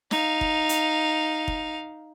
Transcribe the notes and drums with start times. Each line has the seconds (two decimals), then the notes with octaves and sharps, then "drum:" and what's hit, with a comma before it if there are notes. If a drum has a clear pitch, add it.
0.11 D#4 F5, drum: snare
0.41 drum: kick
0.69 drum: hi-hat
1.48 drum: kick